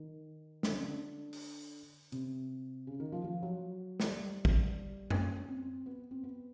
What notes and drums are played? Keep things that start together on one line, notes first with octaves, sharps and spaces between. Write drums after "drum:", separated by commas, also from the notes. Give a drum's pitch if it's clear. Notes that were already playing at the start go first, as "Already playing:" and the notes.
Already playing: D#3
D3, drum: snare
D3
drum: open hi-hat
C3, drum: hi-hat
C#3
D#3
F3
F3
F#3
G3, drum: snare
drum: kick
C#4, drum: tom F#2
C4
B3
C4
B3